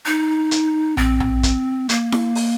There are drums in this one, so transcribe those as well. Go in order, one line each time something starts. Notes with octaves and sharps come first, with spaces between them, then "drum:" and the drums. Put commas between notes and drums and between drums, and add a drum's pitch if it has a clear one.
D#4
drum: hi-hat
C4, drum: tom A#1
drum: tom A#1
drum: kick, hi-hat
A#3, drum: hi-hat
drum: snare E4
drum: open hi-hat